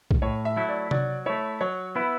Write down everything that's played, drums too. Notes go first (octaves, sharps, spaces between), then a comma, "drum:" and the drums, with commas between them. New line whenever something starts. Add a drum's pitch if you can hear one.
drum: kick B1
A2 C#5
E5
F#3 A3 E4
D5
F#3 D5, drum: tom C3
A3 E4 C#5
F#3 C#5
B3 E4 B4